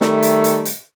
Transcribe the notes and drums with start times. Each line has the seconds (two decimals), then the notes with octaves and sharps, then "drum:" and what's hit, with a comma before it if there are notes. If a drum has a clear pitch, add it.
0.01 D#3 G3 A3, drum: snare
0.23 drum: hi-hat
0.44 drum: hi-hat
0.65 drum: hi-hat